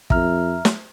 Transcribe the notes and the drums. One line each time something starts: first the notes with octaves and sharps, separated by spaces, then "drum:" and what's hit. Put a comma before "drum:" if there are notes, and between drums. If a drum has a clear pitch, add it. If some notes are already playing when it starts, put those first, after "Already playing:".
F2 E5 A#5 F6, drum: kick
drum: snare